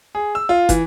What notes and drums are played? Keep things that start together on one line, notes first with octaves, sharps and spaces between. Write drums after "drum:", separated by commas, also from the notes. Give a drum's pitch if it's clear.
G#4
E6
F4
E3, drum: kick, hi-hat